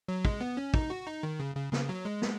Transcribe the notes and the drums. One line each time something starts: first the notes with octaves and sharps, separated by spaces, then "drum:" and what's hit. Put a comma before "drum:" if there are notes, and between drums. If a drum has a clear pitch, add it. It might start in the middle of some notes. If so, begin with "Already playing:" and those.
F#3
G#3, drum: kick
B3
C#4
D#4, drum: kick
F#4
D#4
D#3
C#3
C#3
C#3, drum: snare
F#3
G#3
drum: snare